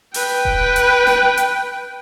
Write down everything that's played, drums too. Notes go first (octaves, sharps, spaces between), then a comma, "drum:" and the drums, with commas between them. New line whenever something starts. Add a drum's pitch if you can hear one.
B4 G5, drum: open hi-hat
drum: kick D#1
drum: hi-hat
drum: snare
drum: hi-hat